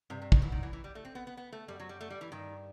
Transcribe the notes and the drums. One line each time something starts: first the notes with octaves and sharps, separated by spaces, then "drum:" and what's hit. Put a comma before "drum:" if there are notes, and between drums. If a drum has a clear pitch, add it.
G2 C3
C3
D#3, drum: kick
F#2 E3
D#3
E3
E3
G3
A3
C4
B3
B3
B3
A3
F#2 G3
F#3
G3
A3
G3
E3
G2 D#3